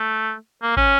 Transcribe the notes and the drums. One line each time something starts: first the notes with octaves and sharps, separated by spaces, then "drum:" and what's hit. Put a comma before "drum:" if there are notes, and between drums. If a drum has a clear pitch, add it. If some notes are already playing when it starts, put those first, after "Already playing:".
Already playing: A3
A#3
C#4, drum: kick G#1